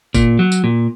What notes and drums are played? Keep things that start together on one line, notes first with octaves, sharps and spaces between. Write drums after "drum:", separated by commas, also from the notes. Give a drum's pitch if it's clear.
A#2, drum: kick, tambourine
F#3
drum: tambourine
A#2